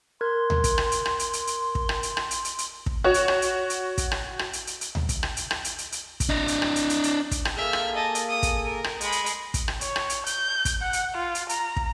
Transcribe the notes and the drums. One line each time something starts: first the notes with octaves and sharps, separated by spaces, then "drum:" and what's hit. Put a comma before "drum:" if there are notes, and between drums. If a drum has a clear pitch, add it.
A#4 C6 F#6 G#6
drum: tom D2
drum: kick, hi-hat
drum: rim click
drum: hi-hat
drum: rim click
drum: hi-hat
drum: hi-hat
drum: hi-hat
drum: kick
drum: rim click
drum: hi-hat
drum: rim click
drum: hi-hat
drum: hi-hat
drum: hi-hat
drum: kick
F#4 C#5
drum: hi-hat
drum: rim click
drum: hi-hat
drum: hi-hat
drum: kick, hi-hat
drum: rim click
drum: rim click
drum: hi-hat
drum: hi-hat
drum: hi-hat
drum: tom D2
drum: kick, hi-hat
drum: rim click
drum: hi-hat
drum: rim click
drum: hi-hat
drum: hi-hat
drum: hi-hat
drum: kick, hi-hat
D4 D#5
drum: hi-hat
drum: rim click
drum: hi-hat
drum: hi-hat
drum: hi-hat
drum: kick, hi-hat
drum: rim click
A#3 G#4 A4 E5 F6
drum: rim click
D#5 A5
drum: hi-hat
D#6
drum: kick, hi-hat
A#4
drum: rim click
G#3 B5, drum: hi-hat
drum: hi-hat
drum: hi-hat
drum: kick, hi-hat
drum: rim click
C#5, drum: hi-hat
drum: rim click
drum: hi-hat
G6, drum: hi-hat
drum: kick, hi-hat
F#5
drum: hi-hat
F4
drum: hi-hat
A#5, drum: hi-hat
drum: kick